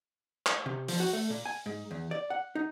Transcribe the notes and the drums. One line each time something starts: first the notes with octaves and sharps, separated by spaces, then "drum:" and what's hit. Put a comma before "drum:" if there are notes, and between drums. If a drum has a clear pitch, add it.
drum: clap
C3
F3, drum: open hi-hat
F#4
A3
A#2
G#5
G#2
E2
D5
F#5
D#4